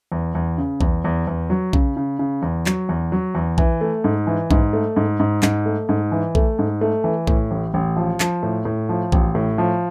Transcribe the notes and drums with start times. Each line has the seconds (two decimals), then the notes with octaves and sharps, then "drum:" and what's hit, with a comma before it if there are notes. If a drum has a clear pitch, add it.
0.12 E2
0.35 E2
0.58 C#3
0.81 E2, drum: kick A#1
1.04 E2
1.27 E2
1.50 F#3
1.73 C#3, drum: kick A#1
1.97 C#3
2.19 C#3
2.42 E2
2.66 F#3, drum: clap
2.89 E2
3.12 F#3
3.35 E2
3.58 E3, drum: kick A#1
3.81 A3
4.04 G#2
4.27 E3
4.51 G#2, drum: kick A#1
4.73 A3
4.96 G#2
5.20 G#2
5.43 G#2, drum: clap
5.66 A3
5.89 G#2
6.12 E3
6.35 A3, drum: kick A#1
6.59 G#2
6.81 A3
7.04 E3
7.27 A2, drum: kick A#1
7.51 A1
7.74 A1
7.96 F3
8.20 F3, drum: clap
8.43 A2
8.65 A2
8.89 F3
9.12 A1, drum: kick A#1
9.35 A2
9.58 F3